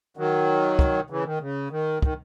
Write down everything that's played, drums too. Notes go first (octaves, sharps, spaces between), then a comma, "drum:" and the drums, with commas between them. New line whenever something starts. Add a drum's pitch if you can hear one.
D#3 F#3
drum: kick
C#3 E3
D#3
C#3
D#3
D#3, drum: kick